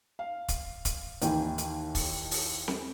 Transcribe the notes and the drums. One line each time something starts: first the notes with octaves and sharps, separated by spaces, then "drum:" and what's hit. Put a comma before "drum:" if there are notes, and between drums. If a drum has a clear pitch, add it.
F5
drum: kick, hi-hat
drum: kick, hi-hat
D#2 D#3 E3 E4 G5 G#5, drum: hi-hat
drum: hi-hat
drum: kick, open hi-hat
drum: open hi-hat
drum: snare C4